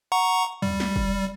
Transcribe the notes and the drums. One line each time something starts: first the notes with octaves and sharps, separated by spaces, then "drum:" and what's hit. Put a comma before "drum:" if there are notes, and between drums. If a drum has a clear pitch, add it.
F#5 A#5 C#6
G3, drum: tom
drum: snare
drum: kick